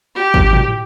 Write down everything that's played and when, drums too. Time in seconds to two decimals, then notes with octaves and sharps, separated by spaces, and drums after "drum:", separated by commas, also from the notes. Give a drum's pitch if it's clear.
0.15 G4
0.34 drum: kick G#1
0.53 drum: tom A2